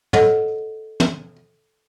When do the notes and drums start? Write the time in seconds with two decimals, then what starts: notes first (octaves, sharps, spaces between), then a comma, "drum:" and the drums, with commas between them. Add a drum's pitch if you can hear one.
0.13 A4 C#5 D#5 F#5, drum: tom
1.00 drum: tom